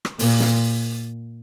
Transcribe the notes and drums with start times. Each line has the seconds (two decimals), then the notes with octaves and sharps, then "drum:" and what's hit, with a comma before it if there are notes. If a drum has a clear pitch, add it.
0.05 drum: rim click
0.19 A#2, drum: open hi-hat
0.40 drum: snare